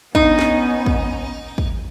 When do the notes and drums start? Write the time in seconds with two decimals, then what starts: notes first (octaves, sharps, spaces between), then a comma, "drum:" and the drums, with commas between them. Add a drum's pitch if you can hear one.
0.15 B3 C#4 D#4, drum: kick
0.39 drum: snare
0.86 drum: kick
1.58 drum: kick